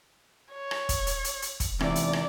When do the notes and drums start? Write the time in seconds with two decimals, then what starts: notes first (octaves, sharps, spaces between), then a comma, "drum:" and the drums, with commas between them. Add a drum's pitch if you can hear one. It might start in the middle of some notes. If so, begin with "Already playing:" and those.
0.53 C#5
0.71 drum: rim click
0.89 drum: kick, hi-hat
1.07 drum: hi-hat
1.24 drum: hi-hat
1.42 drum: hi-hat
1.60 drum: kick, hi-hat
1.80 E2 C3 D5, drum: rim click
1.95 drum: hi-hat
2.13 drum: rim click